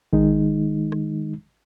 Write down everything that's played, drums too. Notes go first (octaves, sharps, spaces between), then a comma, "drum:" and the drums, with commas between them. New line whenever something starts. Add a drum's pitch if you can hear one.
D#3 G#3 D#4, drum: kick A1
drum: rim click